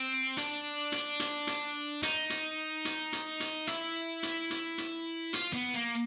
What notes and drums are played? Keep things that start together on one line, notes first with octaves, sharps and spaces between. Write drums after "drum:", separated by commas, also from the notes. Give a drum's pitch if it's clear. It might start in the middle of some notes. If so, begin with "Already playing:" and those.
Already playing: C4
D4, drum: hi-hat
drum: hi-hat
drum: hi-hat
drum: hi-hat
D#4, drum: hi-hat
drum: hi-hat
drum: hi-hat
drum: hi-hat
drum: hi-hat
E4, drum: hi-hat
drum: hi-hat
drum: hi-hat
drum: hi-hat
F4, drum: hi-hat
B3
A#3